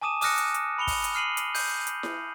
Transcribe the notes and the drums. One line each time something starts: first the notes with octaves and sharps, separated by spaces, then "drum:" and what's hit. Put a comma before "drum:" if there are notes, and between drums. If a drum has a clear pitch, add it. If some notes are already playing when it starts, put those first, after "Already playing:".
G#5 A5 D6 D#6 D#7 E7
D6 D#6 F6 F#6 A#6 C#7, drum: open hi-hat
drum: hi-hat
drum: hi-hat
B5 C#7 F7 G7
drum: kick, open hi-hat
drum: hi-hat
F6 C7 D#7 F#7
drum: hi-hat
G6, drum: open hi-hat
drum: hi-hat
drum: snare E4